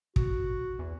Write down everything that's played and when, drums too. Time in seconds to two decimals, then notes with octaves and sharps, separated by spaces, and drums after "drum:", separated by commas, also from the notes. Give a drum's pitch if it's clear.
0.16 F#4, drum: kick
0.79 E2